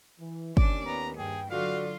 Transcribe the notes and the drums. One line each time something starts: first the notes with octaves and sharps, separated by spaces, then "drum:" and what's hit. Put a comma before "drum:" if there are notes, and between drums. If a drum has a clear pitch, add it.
E3
D#2 C#4 D4 D5, drum: kick
B3 A#5
G2 G#4 G5
D3 F#3 F4 F#4 A4 D5 F5